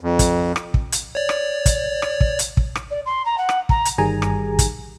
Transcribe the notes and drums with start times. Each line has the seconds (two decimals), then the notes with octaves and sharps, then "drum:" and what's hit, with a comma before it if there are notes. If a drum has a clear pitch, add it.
0.01 F2
0.19 drum: kick, hi-hat
0.56 drum: rim click
0.74 drum: kick
0.92 drum: hi-hat
1.15 C#5 D5
1.29 drum: rim click
1.66 drum: kick, hi-hat
2.02 drum: rim click
2.21 drum: kick
2.39 drum: hi-hat
2.57 drum: kick
2.75 drum: rim click
2.90 D5
3.05 C6
3.25 A#5
3.37 F#5
3.49 drum: rim click
3.69 A#5, drum: kick
3.85 drum: hi-hat
3.98 G1 D#3 G3 G#4 G#5 A#5
4.22 drum: rim click
4.59 drum: kick, hi-hat